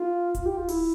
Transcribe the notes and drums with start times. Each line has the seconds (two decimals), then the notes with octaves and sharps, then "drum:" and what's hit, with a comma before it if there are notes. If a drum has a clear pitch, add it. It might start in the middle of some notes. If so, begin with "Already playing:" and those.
Already playing: F4
0.35 F4, drum: kick D1, hi-hat
0.46 G4
0.57 F4
0.68 E4, drum: open hi-hat